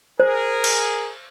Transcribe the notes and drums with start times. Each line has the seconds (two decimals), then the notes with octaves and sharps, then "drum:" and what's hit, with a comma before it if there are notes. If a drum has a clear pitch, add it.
0.20 G#4 A#4 C5
0.64 drum: cymbal